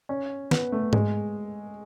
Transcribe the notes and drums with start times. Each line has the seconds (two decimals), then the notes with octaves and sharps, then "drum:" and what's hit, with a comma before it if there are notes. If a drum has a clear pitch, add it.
0.09 C#4
0.51 B3, drum: snare
0.72 A3
0.93 G#3, drum: tom G#2